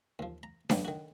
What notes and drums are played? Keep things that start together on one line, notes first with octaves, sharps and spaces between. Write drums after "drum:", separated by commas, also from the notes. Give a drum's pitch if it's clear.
D#2 F3
A#5
G2 F#3 B3 C#4 F5 G5, drum: snare D4
D#3 F#4